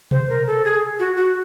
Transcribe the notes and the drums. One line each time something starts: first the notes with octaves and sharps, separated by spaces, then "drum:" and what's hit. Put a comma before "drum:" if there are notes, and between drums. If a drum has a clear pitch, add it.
C5, drum: tom B2
A#4
A4
G#4
F#4
F#4